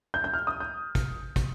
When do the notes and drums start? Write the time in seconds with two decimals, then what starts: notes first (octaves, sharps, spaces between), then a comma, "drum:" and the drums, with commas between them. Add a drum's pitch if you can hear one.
0.14 G6
0.24 G6
0.34 F6
0.47 D#6
0.60 G6
0.95 drum: kick, hi-hat
1.36 drum: kick, hi-hat